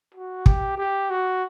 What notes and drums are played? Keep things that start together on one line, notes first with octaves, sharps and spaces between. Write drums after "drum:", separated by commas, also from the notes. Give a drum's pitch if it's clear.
F#4
G4, drum: kick
G4
F#4